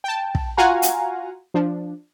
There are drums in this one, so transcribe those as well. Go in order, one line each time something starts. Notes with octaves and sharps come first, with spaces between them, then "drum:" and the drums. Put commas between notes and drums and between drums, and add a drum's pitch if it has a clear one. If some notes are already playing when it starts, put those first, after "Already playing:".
G5 A5
drum: kick
F4 F#4 F5 F#5 G#5 A#5
drum: hi-hat
F3 D4